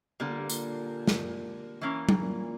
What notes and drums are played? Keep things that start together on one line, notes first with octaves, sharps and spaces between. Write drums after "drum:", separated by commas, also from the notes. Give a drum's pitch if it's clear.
B2 D3 G3 A#3
A#2
G2
A#2, drum: tambourine
drum: snare
E3 A#3 C#4
drum: tom F#3
A#2